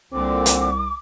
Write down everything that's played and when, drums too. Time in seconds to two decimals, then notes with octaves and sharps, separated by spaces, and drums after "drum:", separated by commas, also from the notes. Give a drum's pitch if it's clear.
0.12 C2 A#2 D3 C4 D6
0.46 drum: hi-hat